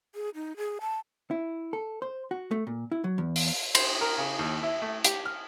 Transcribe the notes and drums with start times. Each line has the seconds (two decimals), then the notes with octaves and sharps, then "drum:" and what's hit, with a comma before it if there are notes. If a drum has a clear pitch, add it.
0.15 G#4
0.35 D#4
0.57 G#4
0.81 A5
1.31 E4
1.73 A4
2.02 C5
2.31 F#4
2.51 A3
2.67 A#2
2.92 E4
3.04 F#3
3.18 E2
3.36 drum: open hi-hat
3.75 C5, drum: cymbal
4.01 A#4
4.18 C#3
4.39 D#2
4.63 E4
4.82 A3
5.04 G4, drum: hi-hat
5.25 F6